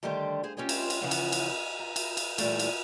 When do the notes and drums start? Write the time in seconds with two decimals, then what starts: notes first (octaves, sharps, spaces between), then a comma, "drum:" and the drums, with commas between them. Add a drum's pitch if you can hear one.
0.03 D3 D#3 G3 A3 G4 C5
0.43 G#4 C5 F5
0.57 C#4 F4 G4 C5 C#5 D#5
0.69 drum: cymbal
0.90 drum: cymbal
1.01 C#3 E3 F3 C#4 F4 F#5
1.11 drum: cymbal
1.32 drum: cymbal
1.79 A#5
1.96 drum: cymbal
2.17 drum: cymbal
2.38 A#2 E3 G3 A3, drum: cymbal
2.59 drum: cymbal